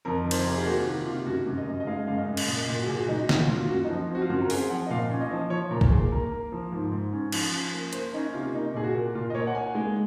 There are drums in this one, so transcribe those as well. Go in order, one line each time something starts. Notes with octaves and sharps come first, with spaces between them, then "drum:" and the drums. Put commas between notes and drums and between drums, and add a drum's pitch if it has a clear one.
F2 A#4
D#3
C5, drum: cymbal
C3 A#4
G#4
A#3 F#4
D#3 F4
C3 F4
F#2 F#4
F#2
D#5
F#2
D#5
G#3 F5
F#2 F5
D#5
F#2
drum: cymbal
A#2 D#5
A#2
F#4
A#2 G#4
F#4
F#3 D#4
A#2, drum: snare
F4
F#3
F4
F#2 F#4
D#4
F3
C4
F#4
F4
F#2 F#4
A#4
C4 G#4, drum: open hi-hat
F3 F#5
D#5
A#2 F5
C#4
D#5
F3
F3 C#5
A#2 A#4
drum: kick
A#3 G#4
A#3 A#4
A#3
F3
G#2
G#2
C#4
F3, drum: cymbal
C#4
A#3
A#3 C5, drum: hi-hat
C#4 D#4
C3 F4
A#3 D#4
A#2 G#4
F#4
A#3
A#2 F4
D#5
A#3 C#5
F#5
A#3 G#5
G#3